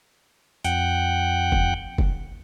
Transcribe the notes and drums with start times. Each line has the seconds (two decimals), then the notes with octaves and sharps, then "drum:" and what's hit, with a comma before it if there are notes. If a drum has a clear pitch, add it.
0.65 F2 F#5 G5, drum: hi-hat
1.52 drum: kick
1.98 drum: kick